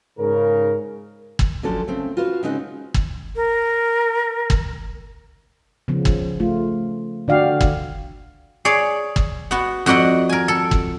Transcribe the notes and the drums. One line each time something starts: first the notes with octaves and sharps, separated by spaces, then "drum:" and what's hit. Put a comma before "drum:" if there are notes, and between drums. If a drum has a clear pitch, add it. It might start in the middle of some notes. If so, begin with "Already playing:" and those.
G#2 C#3 A#4
drum: kick
D3 F3 F#3 C#4 A4 C5
C#3 A3 C4
F4 F#4 B4 C5 F5
C#3 G#3 C4 D#4 F5 F#5
drum: kick
A#4
drum: kick
C#3 F3 B3
drum: kick
A3 F4
D3 D4 F#4 D5 F5 G5
drum: kick
G#4 C#5 D5
drum: kick
B3 F#4
F2 F#4 D5 D#5 F#5
A#4 G#5
A4
drum: kick